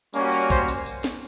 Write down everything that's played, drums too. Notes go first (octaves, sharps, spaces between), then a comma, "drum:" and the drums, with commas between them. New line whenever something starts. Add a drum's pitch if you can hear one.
G3 A#3 C#4 F#4, drum: tambourine
drum: tambourine
C5, drum: kick, tambourine
drum: tambourine
drum: tambourine
drum: snare